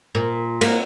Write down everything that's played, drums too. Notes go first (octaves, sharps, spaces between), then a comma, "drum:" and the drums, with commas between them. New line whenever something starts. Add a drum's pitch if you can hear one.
A#2
A#3, drum: cymbal